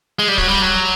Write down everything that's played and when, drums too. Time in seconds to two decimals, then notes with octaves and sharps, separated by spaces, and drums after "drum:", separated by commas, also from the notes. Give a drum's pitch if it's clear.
0.19 G#3
0.28 G3
0.38 F#3, drum: kick
0.48 G3
0.62 F#3